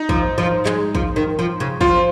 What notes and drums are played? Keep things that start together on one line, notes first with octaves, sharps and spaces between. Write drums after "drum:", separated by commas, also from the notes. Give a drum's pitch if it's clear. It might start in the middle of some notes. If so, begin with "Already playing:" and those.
Already playing: D#4
F3, drum: kick
F3
G#3, drum: clap
F3, drum: kick
D#3
F3
C#3
F3 F4, drum: kick